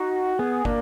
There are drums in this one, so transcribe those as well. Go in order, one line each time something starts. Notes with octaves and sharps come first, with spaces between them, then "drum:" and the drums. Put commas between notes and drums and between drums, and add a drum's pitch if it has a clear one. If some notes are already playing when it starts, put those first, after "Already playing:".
Already playing: D#4 F#4
B3 G#4
A#3 D4, drum: kick